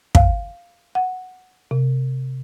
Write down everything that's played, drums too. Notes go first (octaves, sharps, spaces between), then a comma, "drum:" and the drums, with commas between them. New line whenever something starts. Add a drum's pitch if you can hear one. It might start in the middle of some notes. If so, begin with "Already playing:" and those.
F5, drum: kick
F#5
C3